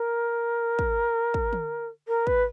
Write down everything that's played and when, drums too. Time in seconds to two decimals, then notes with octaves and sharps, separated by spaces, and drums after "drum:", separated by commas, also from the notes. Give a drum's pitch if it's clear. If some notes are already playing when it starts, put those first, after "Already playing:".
Already playing: A#4
0.79 drum: kick
1.34 drum: kick
1.53 drum: tom
2.08 A#4
2.27 B4, drum: kick